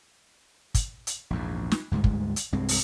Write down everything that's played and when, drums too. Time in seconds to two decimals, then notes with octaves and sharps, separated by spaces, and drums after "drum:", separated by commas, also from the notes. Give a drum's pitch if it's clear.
0.74 drum: kick, hi-hat
1.07 drum: hi-hat
1.30 A#1 E2 G#2
1.72 drum: snare
1.91 D2 G#2 G3 G#3
2.04 drum: kick
2.36 drum: hi-hat
2.52 C2 G2 G#3 C4
2.69 drum: open hi-hat